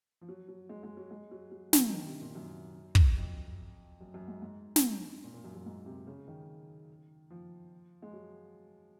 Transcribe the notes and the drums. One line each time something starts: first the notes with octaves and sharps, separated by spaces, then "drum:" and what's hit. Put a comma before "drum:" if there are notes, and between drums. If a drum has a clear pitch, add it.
F3
F#3
F#3
G#3
G#3
F#3
G#3
F#3
F#3
F3, drum: snare
D#3
C3
A#2
F#2
drum: kick
F2
F#2
F#2
G#2
G#2
drum: snare
A#2
A#2
F#2
F#2
G#2
C3
C#3
D#3
F3
G#3
F#3